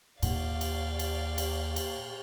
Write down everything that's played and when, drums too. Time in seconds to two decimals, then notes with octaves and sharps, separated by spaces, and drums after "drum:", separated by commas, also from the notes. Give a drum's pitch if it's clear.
0.23 D#2 A#2 D5 F5 F#5, drum: cymbal
0.61 drum: cymbal
0.99 drum: cymbal
1.38 drum: cymbal
1.76 drum: cymbal